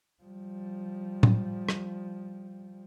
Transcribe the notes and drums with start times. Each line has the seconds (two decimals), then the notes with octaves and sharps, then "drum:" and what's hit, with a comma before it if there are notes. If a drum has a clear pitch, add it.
0.24 F3 G3
1.23 drum: tom A2
1.69 drum: rim click